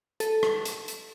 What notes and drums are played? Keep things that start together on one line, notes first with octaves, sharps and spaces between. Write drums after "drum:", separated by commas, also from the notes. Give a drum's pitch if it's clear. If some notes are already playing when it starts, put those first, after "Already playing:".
A4, drum: hi-hat
drum: rim click
drum: hi-hat
drum: hi-hat